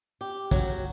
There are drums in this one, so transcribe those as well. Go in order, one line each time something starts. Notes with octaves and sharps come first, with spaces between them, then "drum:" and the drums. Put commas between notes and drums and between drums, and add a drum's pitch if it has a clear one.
G4
F#3, drum: kick, tambourine